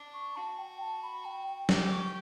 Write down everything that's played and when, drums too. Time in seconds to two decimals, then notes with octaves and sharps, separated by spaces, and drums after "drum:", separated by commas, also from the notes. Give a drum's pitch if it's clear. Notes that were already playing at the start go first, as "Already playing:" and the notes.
Already playing: D4
0.14 C#6
0.36 F#4 A5
0.58 G5
0.80 A5
1.03 B5
1.25 G5
1.47 G5
1.69 G4, drum: snare
1.92 C#6